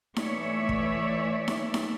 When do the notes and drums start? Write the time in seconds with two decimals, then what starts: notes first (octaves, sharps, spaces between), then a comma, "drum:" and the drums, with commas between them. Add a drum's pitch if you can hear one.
0.16 E3 A3 C#5 D5 E5, drum: snare D#4
0.69 drum: kick
1.48 drum: snare D#4
1.74 drum: snare D#4